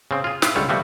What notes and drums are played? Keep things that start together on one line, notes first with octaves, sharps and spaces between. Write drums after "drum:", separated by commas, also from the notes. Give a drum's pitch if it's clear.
C#3 C4
F4 G#4
E4 F4, drum: snare
C#2 D3 G3 A4 C#5
F3 G3 A3 B3 F#4